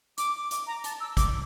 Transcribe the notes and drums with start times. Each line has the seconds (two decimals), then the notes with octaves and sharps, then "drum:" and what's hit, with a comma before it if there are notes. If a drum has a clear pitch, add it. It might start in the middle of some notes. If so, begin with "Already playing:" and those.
0.18 D6, drum: hi-hat
0.51 D6, drum: hi-hat
0.67 A#5
0.84 A5, drum: hi-hat
1.00 E6
1.17 D6, drum: kick, hi-hat